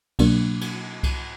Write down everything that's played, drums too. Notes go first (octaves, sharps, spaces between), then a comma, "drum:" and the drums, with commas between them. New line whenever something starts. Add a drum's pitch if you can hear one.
B2 F#3 A#3 D4, drum: kick C2, cymbal
drum: cymbal
drum: kick C2, cymbal